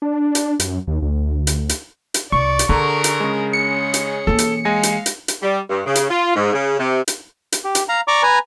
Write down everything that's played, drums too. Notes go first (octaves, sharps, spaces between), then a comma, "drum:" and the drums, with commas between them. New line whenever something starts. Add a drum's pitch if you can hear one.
D4
drum: hi-hat
F#2, drum: hi-hat
D#2
D2
drum: hi-hat
drum: hi-hat
drum: hi-hat
C2 D5 C#6
drum: hi-hat
D3 D4 G#4 A#4 A#5
drum: hi-hat
C#3 G#3
C#4 G#4 C#7
drum: hi-hat
E3 A#3 A4
drum: hi-hat
G#3 F5 G#5 A#6
drum: hi-hat
drum: hi-hat
drum: hi-hat
G3
G2
C#3
drum: hi-hat
F4
G#2
C#3
C3
drum: hi-hat
drum: hi-hat
G4
drum: hi-hat
F5 A#5
D5 A#5 C#6 D6
B4 G#5 A#5